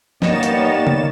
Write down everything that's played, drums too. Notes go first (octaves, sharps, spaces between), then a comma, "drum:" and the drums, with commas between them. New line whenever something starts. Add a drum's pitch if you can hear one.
G3 A#3 B3 D#4 C#5 D#5 A6 E7, drum: snare
drum: hi-hat
drum: tom C#3